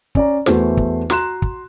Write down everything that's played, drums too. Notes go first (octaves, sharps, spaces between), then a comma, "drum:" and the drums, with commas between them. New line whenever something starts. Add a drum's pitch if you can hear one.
C#4 D5 A#5, drum: kick
E2 E3 A3 F#4 C5, drum: snare
drum: kick
F#4 A#5 C6 F#6 E7, drum: snare
drum: kick